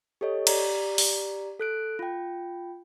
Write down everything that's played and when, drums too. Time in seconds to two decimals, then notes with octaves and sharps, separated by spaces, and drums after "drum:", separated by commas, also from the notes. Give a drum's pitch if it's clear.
0.21 G4 A4 C#5 D#5
0.47 G4 D5 A#5, drum: cymbal
0.98 drum: open hi-hat
1.59 A4 F#6 D7
1.99 F4 G5